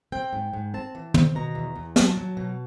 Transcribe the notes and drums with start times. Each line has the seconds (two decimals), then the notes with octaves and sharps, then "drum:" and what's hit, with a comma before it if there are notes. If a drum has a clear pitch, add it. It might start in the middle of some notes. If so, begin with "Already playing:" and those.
0.12 C4 G5
0.33 G#2
0.53 G#2
0.74 C4 A5
0.95 E3
1.14 C4, drum: tom
1.35 B2 A#5
1.55 E2
1.76 E2
1.96 F#3 A5, drum: snare
2.18 F#3
2.37 B2